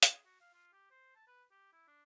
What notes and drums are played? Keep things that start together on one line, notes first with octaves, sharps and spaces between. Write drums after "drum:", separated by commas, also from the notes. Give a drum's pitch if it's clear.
G#4, drum: hi-hat
F#4
F5
F4
G4
C5
A5
B4
G4
E4
D4